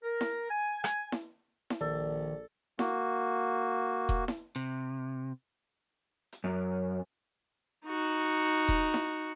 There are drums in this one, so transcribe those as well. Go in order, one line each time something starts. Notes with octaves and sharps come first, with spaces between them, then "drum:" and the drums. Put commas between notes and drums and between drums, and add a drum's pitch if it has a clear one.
A#4
drum: snare E4
G#5
drum: rim click
drum: snare E4
drum: snare E4
A#1 D#3 A4 D5
A#3 F#4, drum: snare E4
drum: kick E1
drum: snare E4
C3
drum: hi-hat
F#2
D#4 F#4
drum: kick E1
drum: snare E4